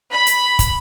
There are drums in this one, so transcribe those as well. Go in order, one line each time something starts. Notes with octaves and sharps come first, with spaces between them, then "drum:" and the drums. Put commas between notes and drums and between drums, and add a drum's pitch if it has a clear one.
B5
drum: hi-hat
drum: kick, hi-hat